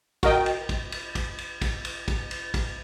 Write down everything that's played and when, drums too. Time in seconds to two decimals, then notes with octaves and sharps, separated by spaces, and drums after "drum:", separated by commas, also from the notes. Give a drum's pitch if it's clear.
0.23 F#4 A#4 D#5 G5, drum: kick, cymbal
0.46 drum: cymbal
0.69 drum: kick, cymbal
0.92 drum: cymbal
1.15 drum: kick, cymbal
1.38 drum: cymbal
1.61 drum: kick, cymbal
1.85 drum: cymbal
2.08 drum: kick, cymbal
2.31 drum: cymbal
2.54 drum: kick, cymbal